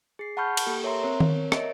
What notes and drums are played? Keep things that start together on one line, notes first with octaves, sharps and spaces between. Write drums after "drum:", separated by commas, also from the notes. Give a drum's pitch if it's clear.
G#4 C7
F#5 A5 B5 C#6 F6 G6
drum: cymbal
A#3 G4 A4
A#4 C#5 E5 A#5 C6
C4 A#4 C#5
drum: tom D#3
A#4 C#5 D#5 E5 D7, drum: rim click